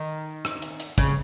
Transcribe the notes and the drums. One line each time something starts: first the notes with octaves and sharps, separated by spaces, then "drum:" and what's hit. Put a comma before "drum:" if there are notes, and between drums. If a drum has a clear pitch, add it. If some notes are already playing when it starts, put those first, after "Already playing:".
Already playing: D#3
drum: rim click
drum: hi-hat
drum: hi-hat
C#3, drum: kick, hi-hat